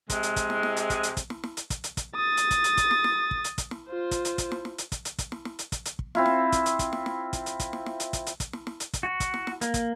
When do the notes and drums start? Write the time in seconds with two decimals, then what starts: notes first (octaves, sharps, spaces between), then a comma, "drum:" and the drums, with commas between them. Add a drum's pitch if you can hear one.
0.10 C3 G#3, drum: kick, hi-hat
0.23 drum: hi-hat
0.36 drum: kick, hi-hat
0.50 drum: snare
0.63 drum: snare
0.77 drum: hi-hat
0.90 drum: kick, hi-hat
1.03 drum: hi-hat
1.17 drum: kick, hi-hat
1.30 drum: snare
1.43 drum: snare
1.57 drum: hi-hat
1.70 drum: kick, hi-hat
1.84 drum: hi-hat
1.97 drum: kick, hi-hat
2.16 D#6 A6
2.37 drum: hi-hat
2.51 drum: kick, hi-hat
2.64 drum: hi-hat
2.77 drum: kick, hi-hat
2.91 drum: snare
3.04 drum: snare
3.31 drum: kick
3.44 drum: hi-hat
3.58 drum: kick, hi-hat
3.71 drum: snare
3.89 F4 C5
4.11 drum: kick, hi-hat
4.25 drum: hi-hat
4.38 drum: kick, hi-hat
4.52 drum: snare
4.65 drum: snare
4.78 drum: hi-hat
4.92 drum: kick, hi-hat
5.05 drum: hi-hat
5.18 drum: kick, hi-hat
5.32 drum: snare
5.45 drum: snare
5.59 drum: hi-hat
5.72 drum: kick, hi-hat
5.85 drum: hi-hat
5.99 drum: kick
6.15 C4 E4 F4, drum: snare
6.26 drum: snare
6.52 drum: kick, hi-hat
6.66 drum: hi-hat
6.79 drum: kick, hi-hat
6.93 drum: snare
7.06 drum: snare
7.33 drum: kick, hi-hat
7.46 drum: hi-hat
7.60 drum: kick, hi-hat
7.73 drum: snare
7.86 drum: snare
8.00 drum: hi-hat
8.13 drum: kick, hi-hat
8.27 drum: hi-hat
8.40 drum: kick, hi-hat
8.53 drum: snare
8.67 drum: snare
8.80 drum: hi-hat
8.93 drum: kick, hi-hat
9.03 F#4
9.20 drum: kick, hi-hat
9.34 drum: snare
9.47 drum: snare
9.61 A#3, drum: hi-hat
9.74 drum: kick, hi-hat